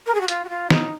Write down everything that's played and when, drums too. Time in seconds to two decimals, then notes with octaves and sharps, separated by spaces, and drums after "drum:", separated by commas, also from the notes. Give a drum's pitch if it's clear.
0.06 A#4
0.14 G#4
0.21 F#4
0.28 F4, drum: hi-hat
0.45 F#4
0.49 F4
0.70 D#4, drum: snare